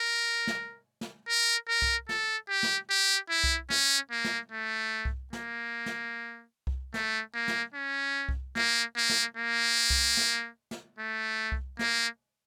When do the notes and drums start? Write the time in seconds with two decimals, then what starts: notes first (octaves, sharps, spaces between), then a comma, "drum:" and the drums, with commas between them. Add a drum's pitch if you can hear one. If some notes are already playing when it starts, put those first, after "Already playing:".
Already playing: A#4
0.47 drum: snare
1.01 drum: snare
1.29 A#4
1.68 A#4
1.82 drum: kick C2
2.09 A4, drum: snare
2.49 G4
2.63 drum: snare
2.90 G4
3.30 E4
3.44 drum: kick C2
3.70 C#4, drum: snare
4.11 A#3
4.25 drum: snare
4.52 A3
5.05 drum: kick C2
5.33 A#3, drum: snare
5.86 drum: snare
6.67 drum: kick C2
6.94 A3, drum: snare
7.34 A#3
7.48 drum: snare
7.74 C#4
8.29 drum: kick C2
8.56 A#3, drum: snare
8.97 A#3
9.09 drum: snare
9.37 A#3
9.90 drum: kick C2
10.17 drum: snare
10.71 drum: snare
10.99 A3
11.52 drum: kick C2
11.79 A#3, drum: snare